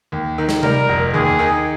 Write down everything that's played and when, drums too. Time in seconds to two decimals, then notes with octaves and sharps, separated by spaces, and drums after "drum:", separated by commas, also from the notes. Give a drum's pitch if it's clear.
0.12 D#2
0.38 D#3
0.49 drum: snare
0.63 G3 A#4, drum: tom C3
0.89 F1
1.13 D#2 G#4
1.39 D#3